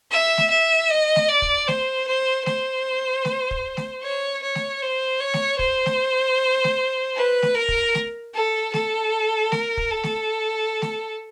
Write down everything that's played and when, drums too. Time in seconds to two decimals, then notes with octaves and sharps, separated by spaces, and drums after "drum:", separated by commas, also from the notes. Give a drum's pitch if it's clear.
0.12 E5
0.38 drum: snare A3
0.50 E5
0.90 D#5
1.16 drum: snare A3
1.29 D5
1.42 drum: kick
1.68 C5, drum: snare A3
2.08 C5
2.46 C5, drum: snare A3
3.25 drum: snare A3
3.51 drum: kick
3.77 drum: snare A3
4.03 C#5
4.42 C#5
4.55 drum: snare A3
4.82 C5
5.21 C#5
5.34 drum: snare A3
5.59 C5, drum: kick
5.86 drum: snare A3
6.64 drum: snare A3
7.16 B4
7.42 drum: snare A3
7.55 A#4
7.69 drum: kick
7.95 drum: snare A3
8.34 A4
8.74 A4, drum: snare A3
9.52 A#4, drum: snare A3
9.77 drum: kick
9.91 A4
10.04 drum: snare A3
10.82 drum: snare A3